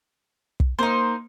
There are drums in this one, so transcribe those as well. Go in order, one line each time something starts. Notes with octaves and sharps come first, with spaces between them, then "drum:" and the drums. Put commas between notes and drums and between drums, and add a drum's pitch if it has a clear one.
drum: kick
A#3 D#4 C5